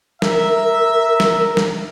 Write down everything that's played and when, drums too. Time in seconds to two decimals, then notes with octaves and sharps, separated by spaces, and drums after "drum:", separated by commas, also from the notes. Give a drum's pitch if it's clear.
0.22 A#4 E5, drum: snare
1.20 drum: snare
1.57 drum: snare